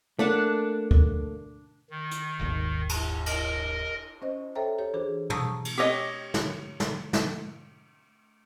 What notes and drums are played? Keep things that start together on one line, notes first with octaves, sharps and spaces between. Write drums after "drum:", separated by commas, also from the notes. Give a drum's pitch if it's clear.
A3 A#3 D4 A#4 F#5 A5
drum: kick D2
D#3
drum: hi-hat
D#1 G#1 D#2
drum: cymbal
A#4 D#5, drum: cymbal
C#4 C5 D#5
A4 C5 C#5 E5 G5 A#5
G4 A4 C#5
E3 D4 F#4 G#4 C5
A5 A#5 C#6 D#6 E6, drum: tom
drum: cymbal
G4 C#5 D#5
drum: snare
drum: snare
drum: snare